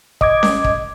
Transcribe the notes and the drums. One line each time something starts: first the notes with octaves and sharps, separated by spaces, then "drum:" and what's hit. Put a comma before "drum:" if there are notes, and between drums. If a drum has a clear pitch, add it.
D#5 D6 G#6, drum: kick
drum: snare C#4
drum: kick